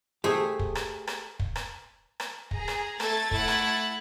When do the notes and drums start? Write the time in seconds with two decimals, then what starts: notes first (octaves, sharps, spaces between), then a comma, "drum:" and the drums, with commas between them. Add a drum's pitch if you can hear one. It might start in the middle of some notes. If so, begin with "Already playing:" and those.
0.24 A3 G4 G#4 C5
0.59 drum: kick
0.75 drum: rim click
1.07 drum: rim click
1.39 drum: kick
1.56 drum: rim click
2.20 drum: rim click
2.51 G#4 A#5, drum: kick
2.68 drum: rim click
3.00 A3 A4 G#6 A6, drum: rim click
3.31 E4 F#5, drum: kick
3.48 drum: rim click